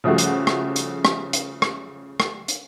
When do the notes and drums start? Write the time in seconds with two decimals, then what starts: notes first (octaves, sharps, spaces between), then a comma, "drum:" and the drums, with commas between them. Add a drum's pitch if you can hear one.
0.04 C#3 F3 G3 A3 F#4
0.18 drum: hi-hat
0.47 drum: rim click
0.76 drum: hi-hat
1.05 drum: rim click
1.33 drum: hi-hat
1.62 drum: rim click
2.20 drum: rim click
2.48 drum: hi-hat